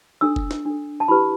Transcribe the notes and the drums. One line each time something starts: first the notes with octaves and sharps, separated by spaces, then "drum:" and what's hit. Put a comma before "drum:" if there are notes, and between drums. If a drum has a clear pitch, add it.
D4 A4 E6
drum: kick F1
drum: snare
D4 A4
A5
E4 G4 B4 B5